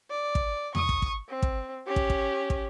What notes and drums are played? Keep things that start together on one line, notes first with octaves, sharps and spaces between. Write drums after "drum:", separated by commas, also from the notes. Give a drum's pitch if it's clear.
D5
drum: kick
C#6 D#6, drum: tom E2
drum: kick
drum: kick
C4
drum: kick
C#4 G4
drum: kick
drum: kick
drum: kick